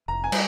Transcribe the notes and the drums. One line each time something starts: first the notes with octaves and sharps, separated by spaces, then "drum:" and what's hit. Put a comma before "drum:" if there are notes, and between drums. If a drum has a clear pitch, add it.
F1 A#5
G#5
G3, drum: cymbal